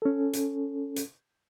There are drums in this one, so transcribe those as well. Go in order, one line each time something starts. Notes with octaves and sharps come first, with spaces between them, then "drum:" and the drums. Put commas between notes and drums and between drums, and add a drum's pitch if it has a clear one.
C#4 A4
drum: hi-hat
drum: hi-hat